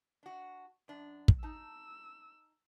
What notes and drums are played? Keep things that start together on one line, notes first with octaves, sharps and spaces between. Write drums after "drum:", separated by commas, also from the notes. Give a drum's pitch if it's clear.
D4 F#4
F#2 D4
drum: kick
D#4 A5 E6